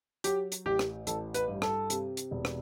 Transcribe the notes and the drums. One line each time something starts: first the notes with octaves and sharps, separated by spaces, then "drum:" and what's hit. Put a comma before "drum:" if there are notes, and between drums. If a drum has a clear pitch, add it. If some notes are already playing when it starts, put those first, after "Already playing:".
F#3 G4, drum: hi-hat
drum: hi-hat
A1 G4
drum: rim click
A1 A4, drum: hi-hat
B4, drum: hi-hat
G2
A4, drum: rim click
C3, drum: hi-hat
drum: hi-hat
E1
drum: rim click